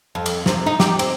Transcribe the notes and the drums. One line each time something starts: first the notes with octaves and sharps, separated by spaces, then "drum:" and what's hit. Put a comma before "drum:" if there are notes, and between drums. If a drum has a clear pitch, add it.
F2
drum: cymbal
C3, drum: snare
D#4
G4, drum: snare
C4, drum: cymbal